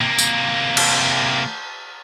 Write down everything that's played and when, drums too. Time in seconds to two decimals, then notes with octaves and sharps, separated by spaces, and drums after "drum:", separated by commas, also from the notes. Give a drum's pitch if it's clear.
0.01 C3 A#3
0.19 drum: tambourine
0.77 drum: cymbal